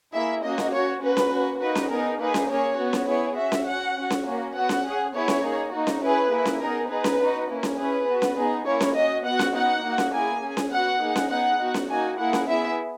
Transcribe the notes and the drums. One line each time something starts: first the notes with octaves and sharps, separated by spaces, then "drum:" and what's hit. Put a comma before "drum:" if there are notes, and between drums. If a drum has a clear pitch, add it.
A#3 E4 G#4 E5
A#3 C#4 F#4 D#5
drum: snare C#4
C#4 F#4 C#5
A#3 C#4 F#4 B4
drum: snare C#4
A#3 C#4 F#4
A#3 D#4 F#4 B4
drum: snare C#4
B3 D#4 G#4 A#4
A#3 D#4 G#4 B4
drum: snare C#4
A#3 C#4 G#4 C#5
B3 F#4
drum: snare C#4
B3 E4 G#4 C#5
C#4 F#4 E5
drum: snare C#4
C#4 F#4 F#5
C#4
F#4
drum: snare C#4
A#3 C#4 F#4
B3 F#4 F#5
drum: snare C#4
C#4 G#4
B3 E4 G#4 C#5
drum: snare C#4
A#3 D#4 G#4
A#3 D#4 F#4
drum: snare C#4
C#4 E4 G#4 B4
A#3 E4 G#4
drum: snare C#4
B3 D#4 G#4 A#4
B3 D#4 G#4 B4
drum: snare C#4
B3 D#4 F#4
A#3 C#4 E4
drum: snare C#4
C#4 E4 G#4 B4
B3 F#4
drum: snare C#4
B3 D#4 G#4
A#3 C#4 E4 C#5
drum: snare C#4
C#4 F#4 D#5
B3 F#4 F#5
drum: snare C#4
B3 D#4 F#4 F#5
A#3 D#4 F#4
drum: snare C#4
A#3 E4 G#4 G#5
C#4 G#4
drum: snare C#4
B3 F#4 F#5
A#3 D#4 G#4
drum: snare C#4
B3 D#4 G#4 F#5
B3 D#4 F#4
drum: snare C#4
A#3 D#4 F#4 G#5
A#3 E4 G#4 F#5
drum: snare C#4
B3 E4 G#4 E5